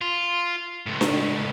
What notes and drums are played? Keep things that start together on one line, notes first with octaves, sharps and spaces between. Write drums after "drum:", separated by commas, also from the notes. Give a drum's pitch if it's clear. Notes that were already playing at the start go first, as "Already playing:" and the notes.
F4
C#2 A2
drum: snare D4